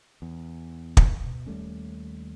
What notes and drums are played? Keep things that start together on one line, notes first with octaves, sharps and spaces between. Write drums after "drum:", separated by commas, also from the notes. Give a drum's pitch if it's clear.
E2
drum: kick
B2
D#2 G3 A3 C#4